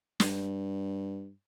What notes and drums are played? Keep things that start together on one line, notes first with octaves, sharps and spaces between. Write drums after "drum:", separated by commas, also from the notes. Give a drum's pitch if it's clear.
G2, drum: snare